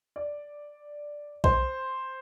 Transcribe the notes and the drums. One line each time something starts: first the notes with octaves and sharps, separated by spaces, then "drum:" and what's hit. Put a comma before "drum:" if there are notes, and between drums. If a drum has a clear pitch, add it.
D5
C5, drum: kick B1